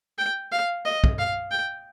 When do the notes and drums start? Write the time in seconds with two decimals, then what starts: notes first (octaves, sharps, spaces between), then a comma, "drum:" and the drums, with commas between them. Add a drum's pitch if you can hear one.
0.18 G5
0.52 F5
0.85 D#5
1.04 drum: kick
1.18 F5
1.51 G5